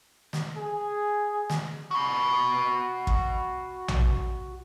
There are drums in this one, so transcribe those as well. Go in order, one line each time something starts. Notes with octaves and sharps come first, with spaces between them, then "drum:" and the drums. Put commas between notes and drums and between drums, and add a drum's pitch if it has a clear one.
drum: snare
G#4
drum: snare
F#4 B5
drum: kick
drum: tom A#1